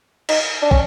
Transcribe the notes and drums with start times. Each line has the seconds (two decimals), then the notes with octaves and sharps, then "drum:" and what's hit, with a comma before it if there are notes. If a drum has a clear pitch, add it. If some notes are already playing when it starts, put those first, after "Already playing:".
0.29 D#4, drum: cymbal
0.62 D4
0.71 C#4, drum: kick